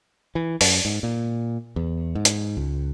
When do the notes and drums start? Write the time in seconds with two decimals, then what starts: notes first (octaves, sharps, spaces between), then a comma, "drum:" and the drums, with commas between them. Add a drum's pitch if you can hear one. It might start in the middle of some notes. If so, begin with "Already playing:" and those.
0.35 E3
0.61 F#2, drum: open hi-hat
0.85 G#2
1.03 A#2
1.76 E2
2.15 G#2
2.25 drum: hi-hat
2.57 C#2